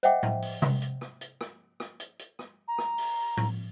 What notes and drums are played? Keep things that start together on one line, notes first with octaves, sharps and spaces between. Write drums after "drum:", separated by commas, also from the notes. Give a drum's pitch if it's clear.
C5 D#5 E5 F#5 G5 D6, drum: hi-hat
drum: tom A2
drum: open hi-hat
drum: tom C3
drum: hi-hat
drum: rim click
drum: hi-hat
drum: rim click
drum: rim click
drum: hi-hat
drum: hi-hat
drum: rim click
A#5
drum: rim click
drum: open hi-hat
drum: tom A2